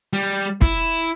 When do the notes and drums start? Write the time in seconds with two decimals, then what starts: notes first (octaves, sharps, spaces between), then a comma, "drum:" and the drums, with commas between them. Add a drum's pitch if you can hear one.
0.13 G3
0.61 E4, drum: kick